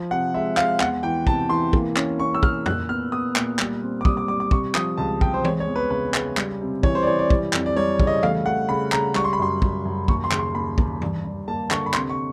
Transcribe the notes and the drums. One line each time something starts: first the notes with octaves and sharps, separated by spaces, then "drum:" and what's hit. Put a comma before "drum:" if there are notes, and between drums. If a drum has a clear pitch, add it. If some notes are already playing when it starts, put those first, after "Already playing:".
Already playing: F3
C3 F#5
G#3 E5
G#3 F5, drum: clap
E2 F#5, drum: clap
E3 G5
C3 A5, drum: kick
E3 C6
A#3, drum: kick
C#4, drum: clap
C#4 C#6
E6
A#3 F6, drum: kick
A#2 F#6, drum: tom F2
B3 F6
B3 D#6
A#2, drum: clap
G3, drum: clap
C4
D6
G3 D#6, drum: kick
D6
G3 D6
D6
C3 C#6, drum: kick
F3 D#6, drum: clap
C#2 A5
C3 G5, drum: kick
C5
G#3 C#5, drum: tom E3
C#5
E2
B4
C#3 B4
G#3, drum: clap
G3, drum: clap
C3
E3 C#5, drum: kick
C5
D5
E3 C#5
D5
G3, drum: kick
F2, drum: clap
D5
G3 C#5
C#3, drum: kick
D#5
A3 F5, drum: tom E3
A3 F#5
C#3 B5
C#3 A#5, drum: clap
G3 C#6, drum: clap
C6
B5
F#2 C6
G3, drum: kick
F#2
D#2 C#6, drum: kick
C6
C#3, drum: clap
C6
D#2 B5
D#2, drum: kick
G2, drum: tom E3
G2
A#3 A5
D3 C#6, drum: clap
B5
C3 C6, drum: clap
C#6